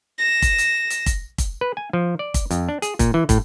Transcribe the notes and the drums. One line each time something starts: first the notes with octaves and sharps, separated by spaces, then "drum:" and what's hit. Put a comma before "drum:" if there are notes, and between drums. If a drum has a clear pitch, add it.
A#6 E7
drum: kick, hi-hat
drum: hi-hat
drum: hi-hat
drum: kick, hi-hat
drum: kick, hi-hat
B4
G#5
F3
D5
drum: kick, hi-hat
F2, drum: hi-hat
D4
G#4, drum: hi-hat
A#2, drum: kick, hi-hat
E3
A2, drum: kick, hi-hat